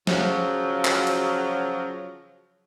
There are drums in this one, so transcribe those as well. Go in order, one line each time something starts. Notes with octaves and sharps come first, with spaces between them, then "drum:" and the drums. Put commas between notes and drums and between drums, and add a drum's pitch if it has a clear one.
C#3 F3 F#3, drum: snare
drum: clap
drum: cymbal